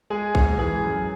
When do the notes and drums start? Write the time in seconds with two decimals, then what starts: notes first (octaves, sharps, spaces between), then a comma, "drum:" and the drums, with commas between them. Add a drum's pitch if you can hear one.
0.10 G#3 G#4
0.35 G#2, drum: kick A#1
0.59 E3 G#4
0.83 F#2